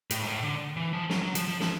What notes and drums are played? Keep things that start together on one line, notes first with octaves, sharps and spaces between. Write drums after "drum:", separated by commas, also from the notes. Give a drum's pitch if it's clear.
A2, drum: hi-hat
G#2
A2
D3
E3
F3
F#3, drum: snare
F#3
F3, drum: hi-hat
F3
F3, drum: snare